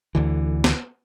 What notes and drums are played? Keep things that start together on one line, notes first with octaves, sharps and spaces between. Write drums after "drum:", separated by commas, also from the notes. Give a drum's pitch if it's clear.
D2 D3 E3
drum: snare